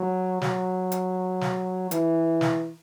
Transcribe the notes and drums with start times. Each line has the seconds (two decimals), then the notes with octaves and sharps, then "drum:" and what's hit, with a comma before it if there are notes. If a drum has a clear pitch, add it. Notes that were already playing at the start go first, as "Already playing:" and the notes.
Already playing: F#3
0.42 F#3, drum: snare
0.92 drum: hi-hat
1.41 drum: snare
1.91 E3, drum: hi-hat
2.41 drum: snare